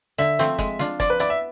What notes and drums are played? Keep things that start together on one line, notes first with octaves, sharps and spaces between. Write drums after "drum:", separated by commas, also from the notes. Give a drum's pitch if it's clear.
D3 E5, drum: snare
F3 A3 C4, drum: snare
G#3, drum: kick, hi-hat
D4 F4, drum: snare
F3 D5, drum: kick, hi-hat
B4
B3 E4 D5, drum: hi-hat
E5